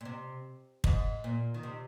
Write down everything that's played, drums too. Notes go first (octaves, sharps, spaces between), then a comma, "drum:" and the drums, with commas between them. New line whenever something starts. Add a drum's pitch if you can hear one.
A#2
C3
G#2, drum: kick
A#2
D#3
C3